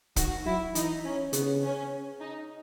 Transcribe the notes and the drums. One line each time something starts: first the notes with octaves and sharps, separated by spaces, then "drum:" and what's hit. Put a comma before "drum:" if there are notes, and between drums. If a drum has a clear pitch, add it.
D#3 F#4, drum: kick, hi-hat
F#3 E4
E3 D#4, drum: hi-hat
C#4
C#3 B3, drum: hi-hat
C#4
D#4